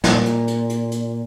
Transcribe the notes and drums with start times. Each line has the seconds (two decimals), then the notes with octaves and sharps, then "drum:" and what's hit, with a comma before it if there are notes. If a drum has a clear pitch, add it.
0.04 A#2, drum: snare
0.26 drum: hi-hat
0.48 drum: hi-hat
0.70 drum: hi-hat
0.91 drum: hi-hat